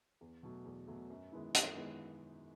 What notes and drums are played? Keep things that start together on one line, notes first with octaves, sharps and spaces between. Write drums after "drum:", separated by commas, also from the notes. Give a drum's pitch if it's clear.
E2
B2 F#3 A3
E2
B2 F#3 A3
F#2
D#3 G#3 B3 E4
F#2, drum: hi-hat
D#3 G#3 B3 E4